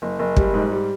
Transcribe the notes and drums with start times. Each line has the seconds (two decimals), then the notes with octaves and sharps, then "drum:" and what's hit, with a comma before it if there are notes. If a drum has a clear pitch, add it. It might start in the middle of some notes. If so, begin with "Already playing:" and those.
0.02 F#1
0.19 F#1
0.36 G3, drum: kick
0.54 G#2
0.72 G3